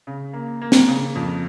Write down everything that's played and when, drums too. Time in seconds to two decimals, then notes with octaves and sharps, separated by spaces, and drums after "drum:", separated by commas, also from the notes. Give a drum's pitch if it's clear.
0.07 C#3
0.33 A#3
0.62 A#3
0.72 drum: snare
0.88 C#3
1.15 F2